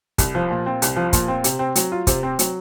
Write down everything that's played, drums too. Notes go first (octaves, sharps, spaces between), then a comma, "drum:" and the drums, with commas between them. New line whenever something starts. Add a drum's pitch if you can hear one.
C2, drum: kick, hi-hat
F3
A#2
C4
C2, drum: hi-hat
F3
A#2, drum: kick, hi-hat
C4
C3, drum: hi-hat
C4
F#3, drum: hi-hat
F4
C3, drum: kick, hi-hat
C4
F#3, drum: hi-hat